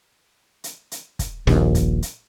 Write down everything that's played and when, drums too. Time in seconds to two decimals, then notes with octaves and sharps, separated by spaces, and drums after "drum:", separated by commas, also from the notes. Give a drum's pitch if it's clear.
0.64 drum: hi-hat
0.92 drum: hi-hat
1.19 drum: kick, hi-hat
1.47 D#1 A#1 D#2, drum: snare
1.75 drum: kick, hi-hat
2.02 drum: hi-hat